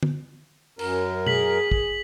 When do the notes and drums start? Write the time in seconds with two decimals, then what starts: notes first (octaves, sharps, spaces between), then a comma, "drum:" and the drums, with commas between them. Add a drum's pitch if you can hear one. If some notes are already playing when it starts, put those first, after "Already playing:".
0.03 drum: tom
0.79 F#2 A#4, drum: cymbal
1.27 G#4 B6 F#7, drum: tom B2
1.72 drum: kick